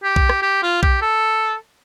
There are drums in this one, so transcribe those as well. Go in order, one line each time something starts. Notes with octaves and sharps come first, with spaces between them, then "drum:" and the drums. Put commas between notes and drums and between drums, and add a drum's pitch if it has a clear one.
G4
drum: kick B1
drum: rim click
G4
F4
G4, drum: kick B1
A4